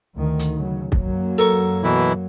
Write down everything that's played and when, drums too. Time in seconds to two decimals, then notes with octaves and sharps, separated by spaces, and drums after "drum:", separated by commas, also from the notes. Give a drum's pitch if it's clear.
0.16 D2 D#3
0.39 drum: hi-hat
0.55 C#3 F#3
0.92 F#2 F#3 A#3, drum: kick
1.38 A4 A#4 C#6
1.83 B2 E3 E4